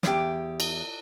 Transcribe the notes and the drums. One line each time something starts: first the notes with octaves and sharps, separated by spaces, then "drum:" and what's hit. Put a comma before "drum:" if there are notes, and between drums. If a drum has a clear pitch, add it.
E2 G4, drum: snare
drum: cymbal